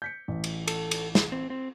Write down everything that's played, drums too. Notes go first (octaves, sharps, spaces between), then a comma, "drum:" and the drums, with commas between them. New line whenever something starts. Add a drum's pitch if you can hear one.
G6 B6 C#7
A1
drum: cymbal
A4, drum: cymbal
drum: cymbal
drum: snare
C4
C4